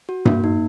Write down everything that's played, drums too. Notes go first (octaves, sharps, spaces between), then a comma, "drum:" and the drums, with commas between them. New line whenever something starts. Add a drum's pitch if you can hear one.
F#4
A#3, drum: tom G2
D#4